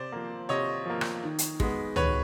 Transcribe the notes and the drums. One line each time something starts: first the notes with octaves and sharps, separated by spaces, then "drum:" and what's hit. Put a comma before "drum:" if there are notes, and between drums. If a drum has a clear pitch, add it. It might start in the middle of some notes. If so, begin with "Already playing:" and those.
Already playing: C3 C5 D5
F3 A#3
C3 C#5 D#5
F3 A#3
drum: rim click
D#3
drum: hi-hat
G#3 B3, drum: kick
D#3 B4 C#5, drum: tom